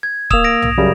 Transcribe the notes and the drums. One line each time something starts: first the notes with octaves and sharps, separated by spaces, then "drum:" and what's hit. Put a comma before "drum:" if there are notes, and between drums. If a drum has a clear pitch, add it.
G#6
A#3 D#6 E6 E7 F7, drum: kick C#1
A#6 D7
drum: tom B1
F#2 C#3 G3